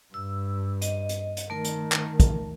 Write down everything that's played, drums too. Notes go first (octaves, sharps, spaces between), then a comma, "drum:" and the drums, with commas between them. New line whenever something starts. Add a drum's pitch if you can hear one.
G2 E6
D#5, drum: hi-hat
drum: hi-hat
drum: hi-hat
D#3 A3 A#4
drum: hi-hat
drum: clap
drum: kick, hi-hat